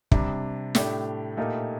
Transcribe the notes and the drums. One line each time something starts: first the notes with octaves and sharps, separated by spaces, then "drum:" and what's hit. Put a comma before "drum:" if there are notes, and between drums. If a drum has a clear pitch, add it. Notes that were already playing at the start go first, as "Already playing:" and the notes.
C3 G3 D4, drum: kick
A2 A3 D4 G4 D5, drum: snare
A#2 A3 D#4 G4 A#4